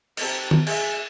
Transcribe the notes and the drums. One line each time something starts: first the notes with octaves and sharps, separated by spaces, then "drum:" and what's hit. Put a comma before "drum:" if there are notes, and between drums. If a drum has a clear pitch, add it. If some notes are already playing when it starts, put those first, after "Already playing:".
C4 D#4 G4 A4, drum: cymbal
drum: tom
G#3 G#4 E5, drum: cymbal